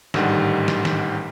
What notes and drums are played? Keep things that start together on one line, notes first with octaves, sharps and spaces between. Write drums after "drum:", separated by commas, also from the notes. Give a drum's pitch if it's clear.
A1 G#2 D3 D#3 G3 F#5, drum: snare
drum: snare
drum: snare